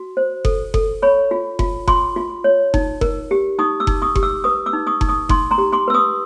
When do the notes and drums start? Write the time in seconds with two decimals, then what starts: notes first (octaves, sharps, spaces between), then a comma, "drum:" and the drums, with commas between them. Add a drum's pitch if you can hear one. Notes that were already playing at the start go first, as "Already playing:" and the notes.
Already playing: F#4
0.17 C5
0.45 A4, drum: kick F#1
0.74 A4, drum: kick F#1
1.02 C#5 B5 C#6
1.31 F4
1.59 F4, drum: kick F#1
1.88 F4 C6 D6, drum: kick F#1
2.16 F4
2.44 C#5
2.74 D#4, drum: kick F#1
3.01 A#4, drum: kick F#1
3.31 G4
3.59 D#4 C#6 D#6
3.80 D6 E6
3.87 D#4, drum: kick F#1
4.02 C#6 D#6
4.15 G4, drum: kick F#1
4.23 D6 E6
4.44 B4 C#6 D#6
4.66 D6 E6
4.73 D#4
4.87 C#6 D#6
5.01 D#4, drum: kick F#1
5.09 C#6 D#6
5.29 D#4 C6 D6, drum: kick F#1
5.51 A#5 C6
5.58 G4
5.72 C6 D6
5.88 B4 E6
5.94 C#6 D#6